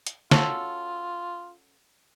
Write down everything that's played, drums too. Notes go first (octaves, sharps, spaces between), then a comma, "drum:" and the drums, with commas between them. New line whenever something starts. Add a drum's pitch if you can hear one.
drum: hi-hat
C#4 F4 F#4 A4, drum: snare